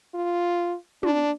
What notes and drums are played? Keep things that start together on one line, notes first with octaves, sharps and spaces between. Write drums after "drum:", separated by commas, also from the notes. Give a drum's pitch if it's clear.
F4
D4, drum: tom